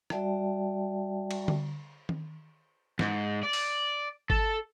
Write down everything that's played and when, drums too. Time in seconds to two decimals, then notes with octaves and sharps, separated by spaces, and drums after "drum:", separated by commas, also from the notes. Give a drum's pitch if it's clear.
0.10 G3 F#4 D5 E5 G5 A5, drum: rim click
1.31 drum: cymbal
1.48 drum: tom D3
2.09 drum: tom D#3
2.99 G#2, drum: snare
3.43 D5
3.53 drum: open hi-hat
4.30 A4, drum: kick G1